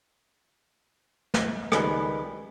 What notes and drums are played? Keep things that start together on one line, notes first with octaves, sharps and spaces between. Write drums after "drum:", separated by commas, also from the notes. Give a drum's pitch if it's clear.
drum: snare
C#2 D#3 G3 B4 G#5, drum: rim click